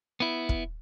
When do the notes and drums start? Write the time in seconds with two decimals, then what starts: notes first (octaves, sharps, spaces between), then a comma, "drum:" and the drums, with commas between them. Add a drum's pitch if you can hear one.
0.20 B3 E4
0.49 drum: kick